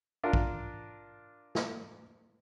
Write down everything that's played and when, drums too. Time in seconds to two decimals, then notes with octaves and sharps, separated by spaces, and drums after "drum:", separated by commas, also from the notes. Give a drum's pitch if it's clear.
0.24 D4 F4 A#4
0.33 drum: kick
1.55 drum: snare